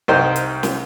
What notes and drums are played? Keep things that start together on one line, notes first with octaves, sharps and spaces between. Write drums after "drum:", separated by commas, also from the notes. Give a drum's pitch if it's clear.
C2 D#4 A#4 C5 G5
drum: hi-hat
drum: snare